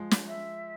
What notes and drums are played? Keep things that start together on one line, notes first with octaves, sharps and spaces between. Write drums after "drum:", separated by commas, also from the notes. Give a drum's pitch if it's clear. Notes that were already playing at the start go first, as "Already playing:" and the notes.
Already playing: F3 G#3
drum: snare
E5